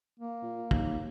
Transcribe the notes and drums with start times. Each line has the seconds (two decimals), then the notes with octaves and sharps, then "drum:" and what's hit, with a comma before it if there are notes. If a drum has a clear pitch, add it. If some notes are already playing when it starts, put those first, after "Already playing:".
0.20 A#3
0.43 A#2
0.71 D#2, drum: kick